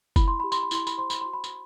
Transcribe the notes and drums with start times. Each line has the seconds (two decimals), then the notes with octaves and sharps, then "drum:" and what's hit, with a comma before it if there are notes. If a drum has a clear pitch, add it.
0.16 E4 B5, drum: kick F#1, tambourine
0.28 C6
0.40 G4 B5
0.52 C6, drum: tambourine
0.63 B5
0.71 E4 C6, drum: tambourine
0.87 B5, drum: tambourine
0.98 C5 C6
1.10 B5, drum: tambourine
1.21 F#4 C6
1.33 B5
1.44 drum: tambourine